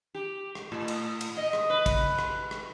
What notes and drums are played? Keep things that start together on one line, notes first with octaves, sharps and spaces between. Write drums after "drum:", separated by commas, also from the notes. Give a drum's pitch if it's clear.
G4
drum: rim click
A2
drum: cymbal
drum: cymbal
D#5
drum: rim click
B4
drum: kick, cymbal
drum: rim click
drum: rim click